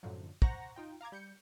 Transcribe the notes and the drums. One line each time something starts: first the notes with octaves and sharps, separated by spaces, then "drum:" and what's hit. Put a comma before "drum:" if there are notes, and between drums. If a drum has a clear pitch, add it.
F#2 A2 D3 F3 F#3
C5 F#5 A#5 C#6 A#6, drum: kick
D#4 F4 G5
F5 A#5 D6 G#6
G3 G6 C#7